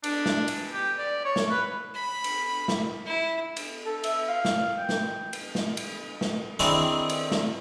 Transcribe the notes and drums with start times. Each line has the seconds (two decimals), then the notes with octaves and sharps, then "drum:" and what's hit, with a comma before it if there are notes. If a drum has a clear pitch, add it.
0.04 D4, drum: cymbal
0.26 drum: snare
0.48 drum: cymbal
0.73 G4
0.98 D5
1.25 C#5
1.36 drum: snare
1.51 B4
1.95 B5
2.24 drum: cymbal
2.68 drum: snare
3.06 E4
3.56 drum: cymbal
3.86 A4
4.03 E5, drum: cymbal
4.28 F5
4.45 drum: snare
4.78 G5
4.89 drum: snare
5.33 drum: cymbal
5.55 drum: snare
5.77 drum: cymbal
6.21 drum: snare
6.59 D#3 C4 D4 E4 G#4
7.09 drum: cymbal
7.31 drum: snare